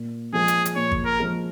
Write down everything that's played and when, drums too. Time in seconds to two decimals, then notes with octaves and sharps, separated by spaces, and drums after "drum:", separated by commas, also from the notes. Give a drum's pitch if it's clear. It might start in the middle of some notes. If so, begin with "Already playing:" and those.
Already playing: A#2
0.33 F3 G#3 G#4
0.48 drum: hi-hat
0.65 drum: hi-hat
0.76 A#2 C#5
0.92 drum: kick G#1
1.06 A#4
1.19 F3 G#3